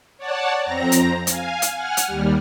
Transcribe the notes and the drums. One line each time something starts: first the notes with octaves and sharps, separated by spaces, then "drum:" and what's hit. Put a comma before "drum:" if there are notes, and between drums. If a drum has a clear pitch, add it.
C#5 D5 F#5 A5
F2 C4 A#5 A#6
drum: hi-hat
F5 G#5, drum: hi-hat
drum: hi-hat
F#5 G#5 F6
drum: hi-hat
D#2 G3